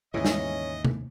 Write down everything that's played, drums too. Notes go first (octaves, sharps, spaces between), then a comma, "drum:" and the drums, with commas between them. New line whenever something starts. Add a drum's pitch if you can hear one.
D#2 G#2 C#3 E3 C#4 E4 D#5
drum: snare
drum: tom C3